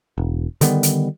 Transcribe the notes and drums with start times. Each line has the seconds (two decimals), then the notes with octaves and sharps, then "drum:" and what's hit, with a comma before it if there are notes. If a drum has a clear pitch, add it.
0.18 E1
0.61 D3 D#3 G3 B3, drum: hi-hat
0.83 drum: hi-hat